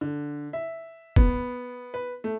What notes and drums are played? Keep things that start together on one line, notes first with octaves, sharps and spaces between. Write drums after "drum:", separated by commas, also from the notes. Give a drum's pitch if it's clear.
D3
E5
B3, drum: kick
B4
A3